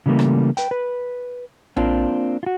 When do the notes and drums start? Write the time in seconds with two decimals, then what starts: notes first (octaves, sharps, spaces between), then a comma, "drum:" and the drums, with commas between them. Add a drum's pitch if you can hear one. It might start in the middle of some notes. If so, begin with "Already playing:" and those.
0.06 C#3 E3 G3 A3 A#3
0.19 drum: rim click
0.57 B4 G5, drum: hi-hat
0.71 B4
1.76 A#3 C4 D4 F4, drum: tom A#1
2.43 F4 F#4